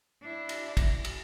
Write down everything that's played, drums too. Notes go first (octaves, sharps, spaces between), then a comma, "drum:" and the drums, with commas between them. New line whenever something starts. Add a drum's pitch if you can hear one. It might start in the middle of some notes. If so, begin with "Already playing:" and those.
D4 E4
drum: cymbal
drum: kick, cymbal
drum: cymbal